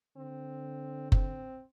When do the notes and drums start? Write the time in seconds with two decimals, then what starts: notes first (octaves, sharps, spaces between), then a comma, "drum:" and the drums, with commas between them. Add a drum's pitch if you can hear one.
0.17 D3 C4
1.12 C4, drum: kick F#1